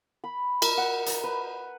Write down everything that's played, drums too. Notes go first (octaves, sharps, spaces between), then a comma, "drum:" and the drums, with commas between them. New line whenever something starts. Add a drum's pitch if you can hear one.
B5
A#4, drum: cymbal
F#5
drum: hi-hat
B4